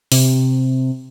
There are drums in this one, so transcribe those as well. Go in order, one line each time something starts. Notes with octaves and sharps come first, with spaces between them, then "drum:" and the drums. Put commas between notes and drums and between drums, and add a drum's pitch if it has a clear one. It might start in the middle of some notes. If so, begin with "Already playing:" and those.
C3, drum: open hi-hat